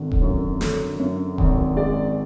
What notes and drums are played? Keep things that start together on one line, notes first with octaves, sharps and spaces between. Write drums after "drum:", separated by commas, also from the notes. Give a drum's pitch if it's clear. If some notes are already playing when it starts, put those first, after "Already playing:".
Already playing: G#1 D3
drum: kick D#1
F#2
D3, drum: snare
F#2
G#1, drum: kick D#1
G#3 D5